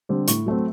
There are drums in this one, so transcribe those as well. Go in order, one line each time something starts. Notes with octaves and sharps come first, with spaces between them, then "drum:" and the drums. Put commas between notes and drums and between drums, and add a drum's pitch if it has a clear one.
D3 G3 C4
A2 C#6, drum: hi-hat
F#3 A3 C4